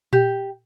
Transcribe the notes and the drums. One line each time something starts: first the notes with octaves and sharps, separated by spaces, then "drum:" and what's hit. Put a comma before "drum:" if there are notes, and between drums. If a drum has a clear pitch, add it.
G4, drum: tom A#2